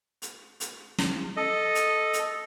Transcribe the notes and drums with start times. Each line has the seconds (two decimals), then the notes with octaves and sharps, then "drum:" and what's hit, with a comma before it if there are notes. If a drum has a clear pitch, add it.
0.22 drum: hi-hat
0.60 drum: hi-hat
0.98 drum: snare
1.37 A4 D#5
1.75 drum: hi-hat
2.13 drum: hi-hat